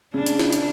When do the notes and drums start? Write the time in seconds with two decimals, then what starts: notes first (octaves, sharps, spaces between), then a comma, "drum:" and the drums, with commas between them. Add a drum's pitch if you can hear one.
0.14 C#3 D4
0.26 drum: hi-hat
0.39 drum: snare
0.53 drum: hi-hat